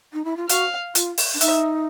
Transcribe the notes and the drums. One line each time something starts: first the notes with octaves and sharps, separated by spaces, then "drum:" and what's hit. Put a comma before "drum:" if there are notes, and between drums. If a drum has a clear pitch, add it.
D#4
E4
F4
F#4 F5, drum: hi-hat
F4, drum: hi-hat
drum: open hi-hat
D4
D#4 E5, drum: hi-hat